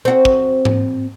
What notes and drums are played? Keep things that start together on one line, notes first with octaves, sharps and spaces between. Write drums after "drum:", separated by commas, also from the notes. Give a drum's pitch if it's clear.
C4 F#4
drum: kick
drum: tom G#2